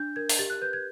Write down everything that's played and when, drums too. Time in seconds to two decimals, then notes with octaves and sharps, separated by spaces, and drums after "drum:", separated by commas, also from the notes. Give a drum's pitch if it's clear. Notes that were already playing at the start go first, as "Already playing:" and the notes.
Already playing: D4 G6
0.16 A#4 G#6
0.29 drum: open hi-hat
0.39 G4 A6
0.50 F#6
0.61 B4 G6
0.73 G#6